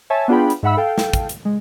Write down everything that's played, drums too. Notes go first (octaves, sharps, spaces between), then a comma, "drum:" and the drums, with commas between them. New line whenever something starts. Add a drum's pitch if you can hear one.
C#5 E5 G#5 A5
B3 D4 F4 G#4 G5 B5
drum: hi-hat
G#2 E5 F#5 B5 E6
A4 F5 G5
drum: snare
drum: kick, hi-hat
drum: hi-hat
G#3